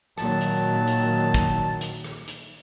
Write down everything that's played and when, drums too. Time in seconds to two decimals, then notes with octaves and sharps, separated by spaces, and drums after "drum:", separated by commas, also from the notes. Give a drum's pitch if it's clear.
0.18 A#2 D#3 F#3 A5, drum: rim click
0.41 drum: hi-hat
0.88 drum: hi-hat
1.34 drum: kick, hi-hat
1.81 drum: hi-hat
2.04 drum: rim click
2.28 drum: hi-hat